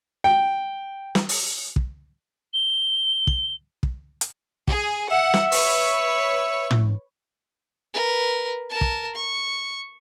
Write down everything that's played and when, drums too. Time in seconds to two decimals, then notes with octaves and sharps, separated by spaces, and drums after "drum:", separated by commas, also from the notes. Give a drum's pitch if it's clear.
0.24 G5
1.15 drum: snare
1.29 drum: open hi-hat
1.76 drum: kick
2.53 G7
3.27 drum: kick
3.83 drum: kick
4.21 drum: hi-hat
4.68 G#4, drum: kick
5.11 E5 F#5
5.34 drum: snare
5.52 B4 C#5 C#6, drum: open hi-hat
6.71 drum: tom
7.94 A#4 B4
8.70 A#4 A5
8.81 drum: kick
9.15 C#6